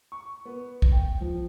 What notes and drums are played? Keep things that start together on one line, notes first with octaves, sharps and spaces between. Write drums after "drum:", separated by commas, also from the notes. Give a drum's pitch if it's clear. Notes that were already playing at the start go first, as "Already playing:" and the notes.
C#6
B3
drum: kick
G5
F3